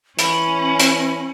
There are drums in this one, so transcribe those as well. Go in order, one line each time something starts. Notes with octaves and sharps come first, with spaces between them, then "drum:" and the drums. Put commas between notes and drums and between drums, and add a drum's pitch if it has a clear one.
E3 C#4 B5, drum: hi-hat
drum: hi-hat